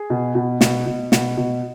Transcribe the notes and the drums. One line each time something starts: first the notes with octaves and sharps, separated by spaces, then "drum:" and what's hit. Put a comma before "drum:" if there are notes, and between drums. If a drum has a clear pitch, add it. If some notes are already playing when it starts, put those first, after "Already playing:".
Already playing: G#4
B2
B2
B2, drum: snare
B2
B2, drum: snare
B2